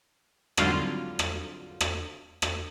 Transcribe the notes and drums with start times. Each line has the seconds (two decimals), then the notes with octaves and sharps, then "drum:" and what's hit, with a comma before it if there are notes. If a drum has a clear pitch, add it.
0.57 G#1 D3 F#3 G3 F4, drum: rim click
1.19 drum: rim click
1.81 drum: rim click
2.42 drum: rim click